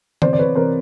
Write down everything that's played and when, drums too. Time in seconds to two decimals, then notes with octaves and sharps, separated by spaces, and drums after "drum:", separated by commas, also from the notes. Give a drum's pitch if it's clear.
0.22 C3 E3 C5 D5, drum: tom D3
0.33 D5
0.39 B4 C#5
0.55 C3 E3 A#4 C5